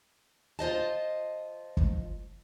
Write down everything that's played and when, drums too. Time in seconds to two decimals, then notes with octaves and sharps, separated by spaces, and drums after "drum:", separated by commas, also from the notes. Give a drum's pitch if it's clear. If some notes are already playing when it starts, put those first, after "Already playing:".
0.59 F4 C5 D#5 A5
1.77 drum: kick